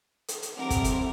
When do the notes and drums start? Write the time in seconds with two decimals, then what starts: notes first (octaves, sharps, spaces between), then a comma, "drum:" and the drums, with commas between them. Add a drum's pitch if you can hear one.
0.28 drum: hi-hat
0.42 drum: hi-hat
0.56 E3 G3 C4 A4 A#4 F#5 D6
0.70 drum: kick, hi-hat
0.84 drum: hi-hat